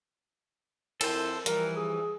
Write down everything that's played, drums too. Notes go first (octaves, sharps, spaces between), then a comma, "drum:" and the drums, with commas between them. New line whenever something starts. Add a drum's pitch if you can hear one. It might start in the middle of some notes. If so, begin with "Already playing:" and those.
F2 E4 A4 A#4 C5, drum: cymbal
E3 F3 G3 A#4, drum: hi-hat
G#4